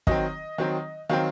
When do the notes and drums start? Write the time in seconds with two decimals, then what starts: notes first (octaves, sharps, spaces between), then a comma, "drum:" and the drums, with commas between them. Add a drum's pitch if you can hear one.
0.07 D#3 F#3 C4 D#5, drum: kick
0.58 D#3 F#3 C4
1.09 D#3 F#3 C4 F5